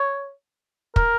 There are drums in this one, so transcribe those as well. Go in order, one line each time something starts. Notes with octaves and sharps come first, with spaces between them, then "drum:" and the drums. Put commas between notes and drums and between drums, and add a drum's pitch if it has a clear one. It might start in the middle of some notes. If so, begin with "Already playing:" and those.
Already playing: C#5
A#4, drum: kick